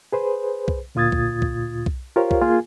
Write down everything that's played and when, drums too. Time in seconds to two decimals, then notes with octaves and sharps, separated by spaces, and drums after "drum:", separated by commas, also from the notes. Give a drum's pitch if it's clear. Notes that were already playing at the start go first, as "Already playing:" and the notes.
0.13 G#4 B4 C5
0.68 drum: kick B1
0.95 D2 A#2 F4 D#6 G#6 A6
1.12 drum: kick B1
1.42 drum: kick B1
1.86 drum: kick B1
2.16 F4 G4 A#4 C5 C#5 F5
2.31 drum: kick B1
2.42 A#3 F4 G#4 G#5